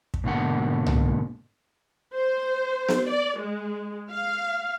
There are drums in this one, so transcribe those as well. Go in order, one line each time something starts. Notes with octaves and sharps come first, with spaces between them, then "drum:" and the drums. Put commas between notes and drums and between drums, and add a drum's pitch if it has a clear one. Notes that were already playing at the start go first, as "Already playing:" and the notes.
drum: kick
G#2 B2 D3 A#3 F#5
drum: tom C2
C5
drum: snare B3
D5
G#3
F5